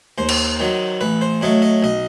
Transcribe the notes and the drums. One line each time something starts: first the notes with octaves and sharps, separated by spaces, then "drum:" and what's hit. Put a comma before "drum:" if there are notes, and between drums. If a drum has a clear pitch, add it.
D#2 C5
drum: cymbal
D#3 F#3
A1 B4
C5
A2 F#3 A3 D#5
D#5
B1 D#5